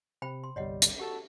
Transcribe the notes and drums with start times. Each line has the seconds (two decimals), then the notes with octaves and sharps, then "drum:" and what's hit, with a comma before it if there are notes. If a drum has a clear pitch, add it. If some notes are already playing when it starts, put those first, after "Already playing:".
0.22 C3 C5 G5 B5
0.44 C6
0.56 G1 C2 G3 C#5 D#5 F#5
0.82 drum: hi-hat
0.99 F#4 G4 A4 A5